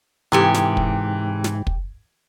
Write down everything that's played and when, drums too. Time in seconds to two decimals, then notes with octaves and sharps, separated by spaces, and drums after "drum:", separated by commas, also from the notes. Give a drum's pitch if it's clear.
0.32 G#2 C3 E3 G4 A4 G#5 D#6
0.54 drum: snare
0.77 drum: kick
1.44 drum: snare
1.67 drum: kick